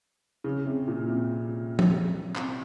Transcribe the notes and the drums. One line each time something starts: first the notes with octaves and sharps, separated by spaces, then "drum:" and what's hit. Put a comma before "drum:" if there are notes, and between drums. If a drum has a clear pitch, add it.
C#3
C3
A#2
C3
drum: tom
C3, drum: clap